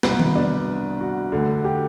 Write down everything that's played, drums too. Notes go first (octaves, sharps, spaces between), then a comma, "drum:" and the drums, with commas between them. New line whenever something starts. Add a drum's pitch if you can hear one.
C2 B2 B4, drum: snare
drum: tom D#3
D4
F#4
D2 D3
G4